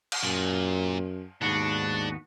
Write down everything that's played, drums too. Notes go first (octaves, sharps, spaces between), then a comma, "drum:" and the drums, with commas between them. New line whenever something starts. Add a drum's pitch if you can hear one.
drum: cymbal
F#2 A#2
D#2 G#2 B3 D4 F#4